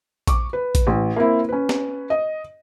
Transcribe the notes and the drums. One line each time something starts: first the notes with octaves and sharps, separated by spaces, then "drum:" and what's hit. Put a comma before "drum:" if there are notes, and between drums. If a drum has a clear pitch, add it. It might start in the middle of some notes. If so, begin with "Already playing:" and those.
C#6 D6, drum: kick A#1, hi-hat
B4
drum: kick A#1, hi-hat
A1
A#3 C4 E4
C#4 B4
drum: snare
D#5